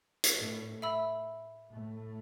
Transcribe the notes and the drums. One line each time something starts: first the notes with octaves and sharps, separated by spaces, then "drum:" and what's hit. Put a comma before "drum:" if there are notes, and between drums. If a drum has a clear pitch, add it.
drum: hi-hat
A2 A3
E5 B5 E6
A2 A3